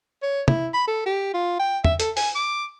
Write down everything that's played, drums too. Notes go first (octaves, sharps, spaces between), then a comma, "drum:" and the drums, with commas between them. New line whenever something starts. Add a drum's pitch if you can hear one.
C#5
E4, drum: tom
B5
A4
G4
F4
G5
E5, drum: tom
A4, drum: hi-hat
G#5, drum: open hi-hat
D6